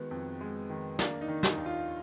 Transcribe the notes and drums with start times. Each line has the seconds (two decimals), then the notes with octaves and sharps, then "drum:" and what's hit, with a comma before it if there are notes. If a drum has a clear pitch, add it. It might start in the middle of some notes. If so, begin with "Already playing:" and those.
Already playing: D#3 G#3 B3 F#4
0.11 F2
0.41 G#3
0.70 D#3
0.99 A#3 D4, drum: snare
1.21 D#4
1.28 D#3
1.43 D#4, drum: snare
1.58 D#2
1.66 F4